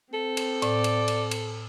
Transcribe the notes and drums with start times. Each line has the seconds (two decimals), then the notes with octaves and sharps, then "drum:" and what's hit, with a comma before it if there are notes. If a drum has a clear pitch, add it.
0.14 C4 A4
0.37 drum: cymbal
0.62 A2 D5, drum: cymbal
0.84 drum: cymbal
1.08 drum: cymbal
1.31 drum: cymbal